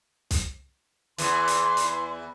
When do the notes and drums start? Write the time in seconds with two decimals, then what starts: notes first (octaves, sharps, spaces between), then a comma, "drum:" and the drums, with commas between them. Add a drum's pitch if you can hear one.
0.31 drum: kick, hi-hat
1.18 E2 E3 C6, drum: hi-hat
1.48 drum: hi-hat
1.77 drum: hi-hat